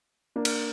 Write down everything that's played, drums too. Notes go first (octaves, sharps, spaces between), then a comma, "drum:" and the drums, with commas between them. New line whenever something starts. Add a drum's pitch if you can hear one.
A#3 D4
drum: cymbal